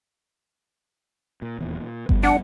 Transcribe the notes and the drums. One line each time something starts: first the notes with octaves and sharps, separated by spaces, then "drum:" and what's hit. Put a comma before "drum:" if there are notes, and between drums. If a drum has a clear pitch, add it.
A#2
D#1 E2 A#2
A#2
F2 G3 B3, drum: kick G1
D4 F#5